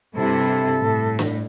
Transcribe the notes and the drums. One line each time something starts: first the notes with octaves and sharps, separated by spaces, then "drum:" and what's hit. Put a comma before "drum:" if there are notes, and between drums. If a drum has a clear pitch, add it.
G2 C3 E4 A4
A2
drum: snare